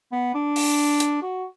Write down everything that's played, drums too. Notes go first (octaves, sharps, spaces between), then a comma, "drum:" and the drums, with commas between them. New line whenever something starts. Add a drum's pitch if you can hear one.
B3
D4
drum: open hi-hat
drum: hi-hat
F#4